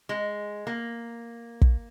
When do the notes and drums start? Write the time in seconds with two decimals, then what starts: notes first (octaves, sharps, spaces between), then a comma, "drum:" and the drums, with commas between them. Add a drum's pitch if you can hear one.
0.09 G#3
0.67 A#3
1.61 drum: kick